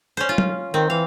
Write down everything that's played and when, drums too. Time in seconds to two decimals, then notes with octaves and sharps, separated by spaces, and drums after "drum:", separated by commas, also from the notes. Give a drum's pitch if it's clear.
0.17 C#4 C5
0.29 F4
0.38 drum: tom
0.74 D#3 C4
0.90 E3 F5